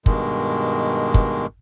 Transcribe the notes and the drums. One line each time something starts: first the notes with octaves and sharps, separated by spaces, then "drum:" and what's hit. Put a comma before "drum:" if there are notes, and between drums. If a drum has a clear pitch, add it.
G2 B2 D#3 G#3, drum: kick
drum: kick